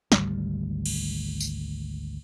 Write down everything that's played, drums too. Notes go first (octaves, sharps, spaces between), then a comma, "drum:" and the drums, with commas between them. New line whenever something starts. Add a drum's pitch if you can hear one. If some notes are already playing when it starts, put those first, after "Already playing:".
G#1 D2 G3, drum: snare
drum: cymbal
drum: tambourine